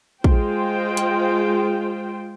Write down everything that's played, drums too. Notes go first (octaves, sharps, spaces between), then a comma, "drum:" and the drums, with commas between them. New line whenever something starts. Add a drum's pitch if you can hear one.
G#3 F4 C5 G5, drum: kick
drum: hi-hat